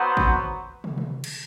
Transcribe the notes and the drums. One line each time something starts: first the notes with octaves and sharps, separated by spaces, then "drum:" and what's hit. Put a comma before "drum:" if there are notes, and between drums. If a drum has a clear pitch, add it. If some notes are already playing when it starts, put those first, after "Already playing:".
Already playing: F#3 B3 F#4 C5
drum: kick G#1
drum: tom
drum: tom C3
drum: cymbal